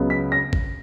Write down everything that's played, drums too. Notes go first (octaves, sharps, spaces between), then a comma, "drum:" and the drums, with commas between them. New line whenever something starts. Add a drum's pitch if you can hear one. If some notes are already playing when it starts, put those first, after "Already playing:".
Already playing: C#2 C#3 F#3 B3
B6
A#6
drum: kick